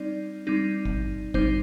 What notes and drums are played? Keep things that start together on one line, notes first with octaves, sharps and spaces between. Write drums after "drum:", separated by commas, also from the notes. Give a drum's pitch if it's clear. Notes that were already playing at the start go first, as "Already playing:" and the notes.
Already playing: G3 C4 D#4 D5
G3 C4 D#4
drum: kick G#1
G3 C4 D#4 C5, drum: kick G#1